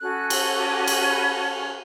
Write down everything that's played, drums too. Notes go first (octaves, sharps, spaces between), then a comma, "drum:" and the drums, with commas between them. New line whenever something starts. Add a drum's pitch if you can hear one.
C#4 F#4 A4 F#6
E6, drum: cymbal
D6
C#6, drum: cymbal
B5
A5
G#5